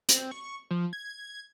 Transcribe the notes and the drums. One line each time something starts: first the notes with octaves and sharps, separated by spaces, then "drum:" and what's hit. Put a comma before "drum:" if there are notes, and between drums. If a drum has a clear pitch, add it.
C4, drum: hi-hat
C#6
F3
G#6